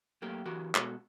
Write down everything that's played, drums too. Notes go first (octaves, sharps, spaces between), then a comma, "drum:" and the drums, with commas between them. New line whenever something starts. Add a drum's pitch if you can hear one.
F#2 A3 A#3 G4
E3 F#4 G4 A#4
B2 G#3 F#4 A4, drum: clap